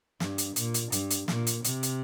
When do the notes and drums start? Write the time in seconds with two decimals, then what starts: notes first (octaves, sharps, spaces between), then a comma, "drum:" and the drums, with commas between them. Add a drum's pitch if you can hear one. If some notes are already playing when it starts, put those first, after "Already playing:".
0.20 G2, drum: snare
0.38 drum: hi-hat
0.56 A#2, drum: hi-hat
0.74 drum: hi-hat
0.92 G2, drum: hi-hat
1.10 drum: hi-hat
1.28 A#2, drum: snare
1.47 drum: hi-hat
1.64 C3, drum: hi-hat
1.83 drum: hi-hat